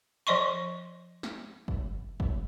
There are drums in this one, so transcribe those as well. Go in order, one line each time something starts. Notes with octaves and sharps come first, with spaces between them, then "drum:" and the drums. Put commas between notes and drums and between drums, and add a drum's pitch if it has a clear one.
F3 D5 D#5 C6 C#6
drum: snare
drum: kick
drum: kick